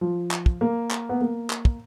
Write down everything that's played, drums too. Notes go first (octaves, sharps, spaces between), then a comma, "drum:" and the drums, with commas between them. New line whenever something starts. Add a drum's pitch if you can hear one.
F3
drum: clap
drum: kick
A#3
drum: clap
B3
A#3
drum: clap
drum: kick